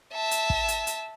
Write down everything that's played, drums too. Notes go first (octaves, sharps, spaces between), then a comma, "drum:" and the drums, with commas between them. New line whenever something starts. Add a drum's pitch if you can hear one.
E5 A5
drum: hi-hat
drum: kick
drum: hi-hat
drum: hi-hat